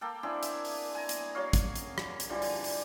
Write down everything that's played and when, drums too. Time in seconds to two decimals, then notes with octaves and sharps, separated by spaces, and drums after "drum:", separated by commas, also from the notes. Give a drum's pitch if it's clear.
0.01 A#3 A4 G5
0.23 C4 D4 E4 G#4
0.43 E5, drum: hi-hat
0.65 drum: open hi-hat
0.95 G#5 A#5
1.09 drum: hi-hat
1.35 F#3 A#3 C#5 F5
1.53 drum: kick, hi-hat
1.76 drum: hi-hat
1.98 drum: rim click
2.20 drum: hi-hat
2.30 D3 E3 F3 G3
2.42 drum: open hi-hat
2.64 drum: open hi-hat